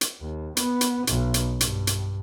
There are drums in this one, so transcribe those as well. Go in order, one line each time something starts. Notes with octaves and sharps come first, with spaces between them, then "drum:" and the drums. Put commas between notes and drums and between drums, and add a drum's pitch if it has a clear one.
drum: hi-hat
D#2
B3, drum: hi-hat
drum: hi-hat
B1, drum: hi-hat
drum: hi-hat
G2, drum: hi-hat
drum: hi-hat